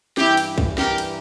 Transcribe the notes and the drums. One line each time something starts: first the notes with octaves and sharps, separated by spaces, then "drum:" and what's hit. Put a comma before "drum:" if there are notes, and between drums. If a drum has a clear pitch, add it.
G2 E3 E4 G4, drum: snare
drum: cymbal
drum: kick B1
G4 A#4, drum: snare
drum: cymbal